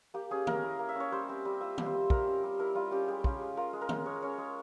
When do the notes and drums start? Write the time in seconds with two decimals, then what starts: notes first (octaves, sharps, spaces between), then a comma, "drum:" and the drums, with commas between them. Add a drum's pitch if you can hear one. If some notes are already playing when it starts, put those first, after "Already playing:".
0.14 A#3 G4
0.31 C#4 G#4
0.47 A#3 A#4, drum: tom
0.63 E4
0.79 A#3
0.89 E5
0.95 C#4 C#5
1.12 G3 C5
1.29 C4
1.45 G3
1.61 F4 E5
1.78 G3, drum: tom
1.86 C5
1.94 C4
2.10 G3 A#4, drum: kick
2.26 C#4
2.43 G3
2.59 E4 A#4
2.75 G3 F4
2.91 C#4 G4
3.08 G#3 G4
3.24 C#4 F4, drum: kick
3.41 G#3
3.57 F4 A#4
3.73 G#3
3.81 A#4
3.89 C#4, drum: tom
4.06 G#3 C#5
4.22 C#4 C#5
4.38 G#3